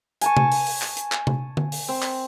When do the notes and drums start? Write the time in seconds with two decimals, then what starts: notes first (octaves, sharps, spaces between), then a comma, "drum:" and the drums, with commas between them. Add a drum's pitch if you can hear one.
0.22 G#5 A5 C#6, drum: hi-hat
0.37 drum: tom C3
0.52 drum: open hi-hat
0.67 drum: open hi-hat
0.82 drum: clap
0.97 drum: hi-hat
1.12 drum: clap
1.27 drum: tom C3
1.57 drum: tom D3
1.72 drum: open hi-hat
1.89 C4
2.02 drum: clap